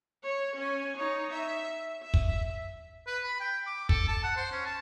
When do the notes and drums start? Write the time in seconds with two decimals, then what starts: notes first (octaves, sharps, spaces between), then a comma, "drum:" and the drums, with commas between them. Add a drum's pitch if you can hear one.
0.23 C#5
0.56 C#4 G#5
0.97 D#4 C#5
1.32 E5
2.02 E5
2.14 drum: kick
3.07 B4
3.24 B5
3.41 G5
3.67 D6
3.89 A4, drum: kick
4.08 A5
4.24 F#5
4.37 C5
4.52 C#4
4.66 A5